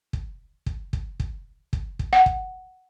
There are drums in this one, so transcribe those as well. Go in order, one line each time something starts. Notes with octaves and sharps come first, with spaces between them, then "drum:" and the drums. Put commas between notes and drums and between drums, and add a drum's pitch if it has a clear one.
drum: kick
drum: kick
drum: kick
drum: kick
drum: kick
drum: kick
F#5
drum: kick